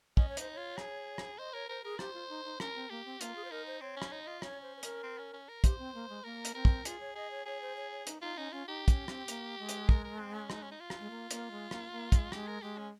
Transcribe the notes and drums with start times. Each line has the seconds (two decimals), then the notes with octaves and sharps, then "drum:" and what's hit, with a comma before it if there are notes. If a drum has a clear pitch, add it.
0.17 C#4 D#5, drum: kick
0.29 C#5
0.37 D#4 C5, drum: hi-hat
0.52 F4 C#5
0.78 G#4, drum: rim click
1.18 drum: rim click
1.39 C5 D#5
1.54 A#4 C#5
1.69 A#4 C5
1.84 G#4 A#4
1.99 G4 C5, drum: rim click
2.14 F4
2.29 D#4
2.45 D#4
2.60 C#4 A#4, drum: rim click
2.75 C4
2.90 A#3 G4
3.05 C4
3.21 A#3 F4, drum: hi-hat
3.36 G#4
3.45 C5
3.51 D#4 A#4
3.66 C5
3.81 C4 C#5
3.96 C#4
4.02 C#5, drum: rim click
4.12 D#4
4.22 D#5
4.27 F4
4.42 C#4 C#5, drum: rim click
4.62 C5
4.77 C5
4.83 A#4, drum: hi-hat
5.03 C4
5.18 C#4
5.33 C#4
5.48 A#4
5.64 G4 C5, drum: kick, hi-hat
5.79 C4
5.94 A#3
6.09 G#3
6.24 A#3 A#4
6.45 drum: hi-hat
6.55 C4 A#4
6.65 drum: kick
6.85 F4 G#4, drum: hi-hat
7.00 C#5
7.16 G#4 D#5
7.31 C#5
7.46 G#4 C#5
7.61 C5
7.76 C#5
7.91 C#5
8.07 D#4, drum: hi-hat
8.22 D#4 F4
8.37 C#4 D#4
8.52 C#4 F4
8.67 D#4 G4
8.88 C#4, drum: kick, hi-hat
9.08 C4, drum: rim click
9.28 A#3, drum: hi-hat
9.59 G#3
9.69 drum: hi-hat
9.89 A#4, drum: kick
10.04 A#4
10.19 C4
10.34 C#4
10.50 D#4, drum: rim click
10.62 C#4
10.71 D#4
10.80 F4
10.90 drum: rim click
10.99 G#3
11.10 A#3
11.31 A#3, drum: hi-hat
11.51 G#3
11.71 A#3, drum: rim click
11.91 A#3
12.12 G#3, drum: kick, hi-hat
12.32 G#3 G4, drum: rim click
12.47 A#4
12.62 G#3 G4
12.78 C#4